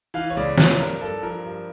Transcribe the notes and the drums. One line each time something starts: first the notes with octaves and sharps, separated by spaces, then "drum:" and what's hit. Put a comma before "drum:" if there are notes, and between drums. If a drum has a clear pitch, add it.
E3 F5
C#5
C#2 D5
F3 C#5, drum: snare
G2 A#4
G2 A4
F3 A#4
G2